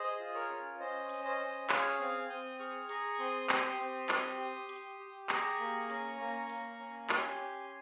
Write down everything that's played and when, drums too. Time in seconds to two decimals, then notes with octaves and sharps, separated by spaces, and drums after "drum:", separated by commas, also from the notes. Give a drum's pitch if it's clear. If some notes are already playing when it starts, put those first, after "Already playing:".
Already playing: G#4 C5 D#5
0.19 F4
0.34 A#4 C#5
0.50 C#4
0.80 C#4 C5 D#5
1.09 C#4, drum: hi-hat
1.24 C5 D#5
1.40 C#4
1.70 G#4 C#5 F5, drum: clap
1.99 C4 F5 G#5
2.30 C4 D#6 G6
2.59 G#4 C#6 F6
2.89 G#4 A#5 C#6, drum: hi-hat
3.19 C4 C6 D#6
3.49 G4 C6 D#6, drum: clap
3.80 C4
4.09 G4, drum: clap
4.39 G4
4.69 G4, drum: hi-hat
5.00 G4
5.29 G#4 A#5 C#6, drum: clap
5.60 A#3
5.90 C#4, drum: hi-hat
6.20 A#3
6.50 A#3, drum: hi-hat
6.79 C#4
7.09 G4 G#5 C6, drum: clap
7.39 C#4